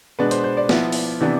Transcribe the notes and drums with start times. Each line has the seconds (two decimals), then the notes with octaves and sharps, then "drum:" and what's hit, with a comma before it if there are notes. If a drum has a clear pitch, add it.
0.19 B2 G#3 D4 B4
0.31 C5, drum: hi-hat
0.44 C5
0.57 D5
0.69 F3 B3 E4, drum: snare
0.92 drum: open hi-hat
1.21 C3 E3 B3 D4